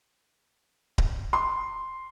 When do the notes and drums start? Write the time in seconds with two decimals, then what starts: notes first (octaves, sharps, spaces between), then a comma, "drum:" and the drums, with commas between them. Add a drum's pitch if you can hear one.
0.98 drum: kick D1
1.33 C6